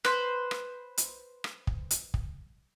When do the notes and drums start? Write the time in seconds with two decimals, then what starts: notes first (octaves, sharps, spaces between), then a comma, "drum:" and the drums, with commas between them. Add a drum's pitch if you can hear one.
0.05 B4 C5, drum: rim click
0.51 drum: rim click
0.98 drum: hi-hat
1.44 drum: rim click
1.67 drum: kick
1.91 drum: hi-hat
2.14 drum: kick